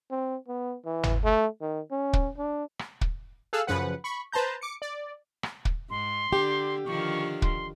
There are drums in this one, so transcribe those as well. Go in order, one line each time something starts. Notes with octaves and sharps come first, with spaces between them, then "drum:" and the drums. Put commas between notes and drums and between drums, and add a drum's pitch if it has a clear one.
C4
B3
E3
drum: tom
A3
D#3
C#4
drum: kick
D4
drum: rim click
drum: kick
G#4 A4 F5 E6 F#6
F#2 C#3 F3 B4 F#5
B5 C#6
B4 C5 A5 A#5 G6
D6 C#7
D5
drum: rim click
drum: kick
G#2 C6
D3 G4
D3 D#3 F3 C#6
C6, drum: kick